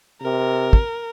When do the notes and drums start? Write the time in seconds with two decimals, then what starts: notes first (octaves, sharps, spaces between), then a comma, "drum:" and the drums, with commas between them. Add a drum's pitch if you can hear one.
0.22 C3 A#4
0.73 drum: kick